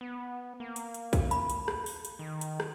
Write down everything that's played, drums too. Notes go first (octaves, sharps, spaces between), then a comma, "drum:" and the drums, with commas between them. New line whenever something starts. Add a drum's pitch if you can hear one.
B3
A#3
drum: hi-hat
drum: hi-hat
drum: kick, hi-hat
B5, drum: hi-hat
drum: hi-hat
drum: rim click
drum: open hi-hat
drum: hi-hat
D#3
drum: hi-hat
drum: rim click